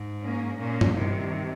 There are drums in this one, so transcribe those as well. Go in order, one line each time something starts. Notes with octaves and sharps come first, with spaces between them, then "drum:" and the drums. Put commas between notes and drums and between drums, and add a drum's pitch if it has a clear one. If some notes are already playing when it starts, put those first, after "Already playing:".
Already playing: G#2
A#3 C#4
A#2 A#3 C#4
drum: tom G2
C3 D#3 G3